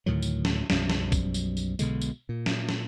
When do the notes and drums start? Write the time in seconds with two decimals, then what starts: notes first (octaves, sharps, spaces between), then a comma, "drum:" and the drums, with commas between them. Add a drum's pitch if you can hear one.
0.06 D2 A2 D#3 F#3
0.22 drum: tambourine
0.45 drum: snare
0.70 B1 F#2 F3 G3, drum: snare
0.90 drum: snare
1.12 drum: kick A#1, tambourine
1.34 drum: tambourine
1.57 drum: tambourine
1.79 B1 B2 D3 G#3, drum: tambourine
2.01 drum: tambourine
2.29 A#2
2.46 drum: snare
2.69 drum: snare